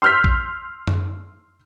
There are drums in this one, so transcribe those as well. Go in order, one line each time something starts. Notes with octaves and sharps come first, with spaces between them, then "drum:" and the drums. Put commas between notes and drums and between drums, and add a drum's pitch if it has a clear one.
C6 E6 F6 G6 B6
drum: kick A#1
drum: tom F#2